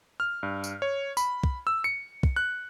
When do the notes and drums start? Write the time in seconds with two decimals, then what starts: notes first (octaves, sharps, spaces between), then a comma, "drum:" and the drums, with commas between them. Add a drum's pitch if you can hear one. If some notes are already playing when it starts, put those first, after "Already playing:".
0.20 F6
0.43 G2
0.64 drum: tambourine
0.82 C#5
1.17 B5, drum: tambourine
1.44 drum: kick
1.67 E6
1.84 C#7
2.23 drum: kick
2.36 F#6